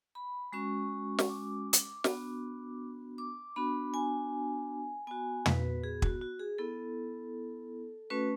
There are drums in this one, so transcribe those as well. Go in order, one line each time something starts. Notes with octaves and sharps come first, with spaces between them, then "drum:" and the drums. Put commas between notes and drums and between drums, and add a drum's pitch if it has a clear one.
B5
G#3 C#4 F#4 C#6
drum: snare
D6
drum: hi-hat
B3 D4 F#4, drum: snare
D6
B3 D4 F#4 B5
G#5
B3 F#4 G#5
B4, drum: tom
G#4
F#4, drum: kick
F#4
G#4
B3 E4 A4
A3 C#4 F#4 B4